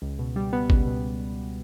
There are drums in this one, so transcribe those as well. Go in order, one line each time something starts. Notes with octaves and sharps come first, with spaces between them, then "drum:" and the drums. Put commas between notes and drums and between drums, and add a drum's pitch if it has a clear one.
C#2
B2
G3
B3
C#2, drum: kick G#1
B2